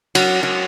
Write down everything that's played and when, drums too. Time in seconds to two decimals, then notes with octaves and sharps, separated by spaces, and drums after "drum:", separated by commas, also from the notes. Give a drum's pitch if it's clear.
0.15 F#3, drum: cymbal
0.43 F#3